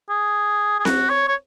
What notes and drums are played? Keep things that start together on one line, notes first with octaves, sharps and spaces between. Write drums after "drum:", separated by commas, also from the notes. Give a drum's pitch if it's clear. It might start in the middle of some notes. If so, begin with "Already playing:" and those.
G#4
G#4
F#4, drum: snare C4
C#5
C#5